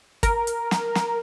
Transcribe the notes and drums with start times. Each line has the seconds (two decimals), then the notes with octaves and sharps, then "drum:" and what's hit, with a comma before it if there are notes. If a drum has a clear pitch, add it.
0.23 A#4, drum: kick, hi-hat
0.47 drum: hi-hat
0.71 drum: snare
0.95 drum: snare